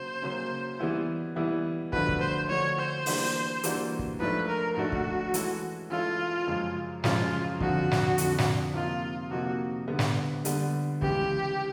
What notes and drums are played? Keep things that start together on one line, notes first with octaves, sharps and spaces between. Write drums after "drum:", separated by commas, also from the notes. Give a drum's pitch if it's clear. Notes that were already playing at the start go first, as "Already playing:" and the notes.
Already playing: C#3 F#3 A#3 C5
C#3 F#3 A#3 C#4
E3 G3 B3 E4
E3 G3 B3 E4
D3 F3 A3 D4 F#4 B4, drum: kick
drum: kick
C5
D3 F3 A3 D4 F#4 C#5
C5
E3 G3 A#3 D4 F#4, drum: open hi-hat
E3 G3 A#3 D4 F#4, drum: hi-hat
drum: kick
G#2 F3 A3 D4 B4
A#4
G#2 F3 A3 D4 F#4
drum: kick
E3 G#3 C#4 E4 A4, drum: hi-hat
E3 G#3 C#4 E4 F4 A4
F#2 C#3 F3 G#3
F#2 C#3 F3 G#3 F4, drum: snare
F2 D3 F3 F#4, drum: kick
drum: snare
F2 D3 F3, drum: hi-hat
drum: snare
C3 F3 A#3 D#4 F4
C3 F3 A#3 D#4 F#4
D3 G3 B3
drum: snare
D3 G3 B3, drum: hi-hat
C#3 E3 G#3 G4, drum: kick